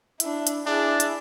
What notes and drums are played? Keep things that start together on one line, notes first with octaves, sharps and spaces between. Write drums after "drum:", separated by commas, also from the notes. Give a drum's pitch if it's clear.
D4 E4, drum: hi-hat
drum: hi-hat
D4 E4 G#4
drum: hi-hat